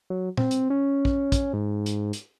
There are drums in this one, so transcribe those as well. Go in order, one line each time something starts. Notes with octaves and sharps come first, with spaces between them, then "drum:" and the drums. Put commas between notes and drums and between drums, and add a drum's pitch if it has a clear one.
F#3
C4, drum: tom
drum: hi-hat
C#4
drum: kick
drum: kick, hi-hat
G#2
drum: hi-hat
drum: hi-hat